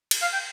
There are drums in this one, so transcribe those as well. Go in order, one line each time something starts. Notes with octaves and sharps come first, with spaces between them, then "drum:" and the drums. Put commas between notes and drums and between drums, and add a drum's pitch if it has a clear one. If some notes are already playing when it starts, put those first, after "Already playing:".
drum: cymbal
F5
G5